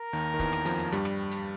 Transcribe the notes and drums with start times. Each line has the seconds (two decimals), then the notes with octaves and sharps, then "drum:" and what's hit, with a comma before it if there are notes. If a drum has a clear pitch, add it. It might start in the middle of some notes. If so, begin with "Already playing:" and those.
Already playing: A#4
0.13 D#2 D#3
0.34 D#3
0.39 E2 E3, drum: kick, hi-hat
0.53 drum: rim click
0.65 F2 F3, drum: hi-hat
0.79 drum: hi-hat
0.92 G2 G3, drum: hi-hat
1.05 drum: rim click
1.31 drum: hi-hat